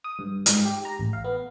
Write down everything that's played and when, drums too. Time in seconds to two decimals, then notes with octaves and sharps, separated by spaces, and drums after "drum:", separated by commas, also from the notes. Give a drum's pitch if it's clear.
0.04 D#6
0.19 G2
0.46 G#2, drum: hi-hat
0.65 G4
0.85 A#5
0.99 A1
1.13 F5
1.24 B3